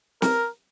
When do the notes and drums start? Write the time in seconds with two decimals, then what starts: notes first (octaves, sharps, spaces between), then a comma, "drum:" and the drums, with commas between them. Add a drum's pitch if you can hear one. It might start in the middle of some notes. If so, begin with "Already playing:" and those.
0.22 A#4, drum: snare